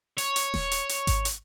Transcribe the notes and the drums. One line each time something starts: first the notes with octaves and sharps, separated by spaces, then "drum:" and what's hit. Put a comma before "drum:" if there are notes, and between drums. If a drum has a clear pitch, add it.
C#5, drum: hi-hat
drum: hi-hat
drum: snare D#1
drum: hi-hat
drum: hi-hat
drum: kick G#1, hi-hat
drum: hi-hat